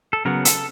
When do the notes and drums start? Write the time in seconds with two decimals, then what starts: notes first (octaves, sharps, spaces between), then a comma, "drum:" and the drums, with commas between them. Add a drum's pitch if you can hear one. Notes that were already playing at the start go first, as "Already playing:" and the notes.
0.13 A4
0.25 C#3 F#3 B3 A#4
0.45 A4, drum: hi-hat